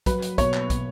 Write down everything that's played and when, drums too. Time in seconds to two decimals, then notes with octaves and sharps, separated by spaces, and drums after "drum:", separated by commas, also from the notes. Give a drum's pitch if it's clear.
0.06 F#3 B4, drum: kick, hi-hat
0.22 drum: hi-hat
0.38 B2 C#5, drum: kick, hi-hat
0.54 drum: clap
0.70 B2, drum: kick, hi-hat